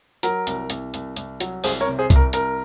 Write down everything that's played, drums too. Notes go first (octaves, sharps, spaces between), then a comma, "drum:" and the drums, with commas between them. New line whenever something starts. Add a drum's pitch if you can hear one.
F#3 A#4, drum: hi-hat
C2, drum: hi-hat
C2, drum: hi-hat
C2, drum: hi-hat
C2, drum: hi-hat
F#3, drum: hi-hat
C2 G#4 C5, drum: open hi-hat
A#4 C#5
C3
G#4 C5
C2, drum: kick C2, hi-hat
A#4
C2 A#4, drum: hi-hat